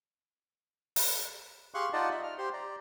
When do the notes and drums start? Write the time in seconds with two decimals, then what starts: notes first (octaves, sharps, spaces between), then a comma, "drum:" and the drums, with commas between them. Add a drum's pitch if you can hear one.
0.96 drum: open hi-hat
1.74 G4 G#4 F5 C6 C#6 F#6
1.93 D#4 F4 D5 D#5 F#5 A5
2.10 E5
2.23 F6
2.38 G4 C5 C6
2.53 D5 A#5